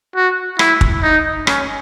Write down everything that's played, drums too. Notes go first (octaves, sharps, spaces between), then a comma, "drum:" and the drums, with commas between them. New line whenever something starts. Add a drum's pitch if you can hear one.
F#4
E4, drum: rim click
drum: kick
D#4
C#4, drum: rim click